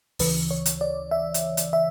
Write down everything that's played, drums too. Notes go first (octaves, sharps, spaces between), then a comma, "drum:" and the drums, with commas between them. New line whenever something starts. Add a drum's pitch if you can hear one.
D2 C#3 E3 B4, drum: open hi-hat
C#5
drum: hi-hat
D5
E5
drum: hi-hat
drum: hi-hat
E5